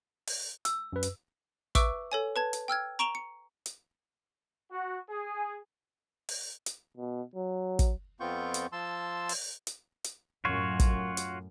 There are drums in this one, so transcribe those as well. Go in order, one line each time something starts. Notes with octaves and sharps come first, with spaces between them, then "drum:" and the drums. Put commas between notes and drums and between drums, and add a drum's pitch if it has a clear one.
drum: open hi-hat
E6, drum: hi-hat
F#2 B4
drum: hi-hat
B4 E5 C#6 D6 E6 D7, drum: kick, hi-hat
A4 C#5 G#5
B4 A5 G#6
drum: hi-hat
G5 E6 F6 G#6
A#5 C#6 D7 E7 F7 G7
C#7
drum: hi-hat
F#4
G#4
drum: open hi-hat
drum: hi-hat
B2
F#3
drum: kick, hi-hat
F2 B3 C4 F4 C#6 G6
drum: hi-hat
F3 A5 C6 E6
drum: open hi-hat
drum: hi-hat
drum: hi-hat
F#2 A2 F4 F#4 C#5
drum: kick, hi-hat
drum: hi-hat